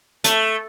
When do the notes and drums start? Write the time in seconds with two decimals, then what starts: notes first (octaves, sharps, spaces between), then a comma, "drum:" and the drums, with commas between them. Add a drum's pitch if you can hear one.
0.24 A3, drum: hi-hat